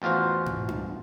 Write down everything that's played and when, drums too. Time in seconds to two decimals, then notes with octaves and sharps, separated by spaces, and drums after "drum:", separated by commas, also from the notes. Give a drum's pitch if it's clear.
0.02 A1 E2 F4 F#4 C5
0.46 drum: tom
0.69 drum: tom D4